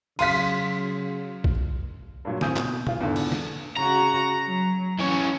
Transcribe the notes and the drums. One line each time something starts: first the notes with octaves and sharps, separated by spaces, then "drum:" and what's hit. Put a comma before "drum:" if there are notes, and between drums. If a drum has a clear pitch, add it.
C#3 F#3 F5 C6 B6 D#7, drum: cymbal
drum: kick
G2 A#2 F#3
D2 A2 C4 G#5 D#6 G6, drum: snare
B2, drum: clap
E3 F4, drum: tom
E2 G#2 D3
drum: cymbal
drum: snare
C#3 F#4 A#5
F#3
E3 C#4 C#5